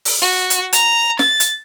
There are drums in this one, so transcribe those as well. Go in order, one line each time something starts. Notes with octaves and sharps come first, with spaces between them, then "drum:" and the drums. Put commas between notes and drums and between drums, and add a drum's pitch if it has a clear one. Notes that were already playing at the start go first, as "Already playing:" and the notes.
drum: open hi-hat
F#4
drum: hi-hat
A#5, drum: hi-hat
A6, drum: snare
drum: hi-hat